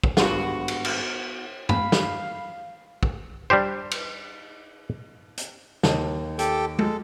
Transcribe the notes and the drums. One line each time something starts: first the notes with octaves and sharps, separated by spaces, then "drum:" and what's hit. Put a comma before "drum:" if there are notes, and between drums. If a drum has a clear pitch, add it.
drum: kick
G#1 G2 B3 F4 F#4 F#5, drum: snare
drum: cymbal
drum: cymbal
F5 B5, drum: tom G2
drum: snare
drum: kick
G3 D4 G4 C5
drum: cymbal
drum: hi-hat
D#2 D#5 A5, drum: snare
G4 A4 G5, drum: hi-hat
G#3 A4, drum: tom G#3